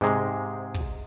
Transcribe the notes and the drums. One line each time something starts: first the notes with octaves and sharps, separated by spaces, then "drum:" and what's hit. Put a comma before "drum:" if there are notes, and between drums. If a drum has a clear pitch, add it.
G#2 C3 G#3
drum: kick